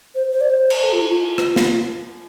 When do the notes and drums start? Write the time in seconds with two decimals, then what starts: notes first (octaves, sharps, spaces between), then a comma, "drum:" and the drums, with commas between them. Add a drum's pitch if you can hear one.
0.15 C5
0.32 C5
0.41 D5
0.50 C5
0.70 drum: cymbal
0.84 A4
0.93 F4
1.01 E4
1.09 F4
1.38 drum: rim click
1.56 drum: snare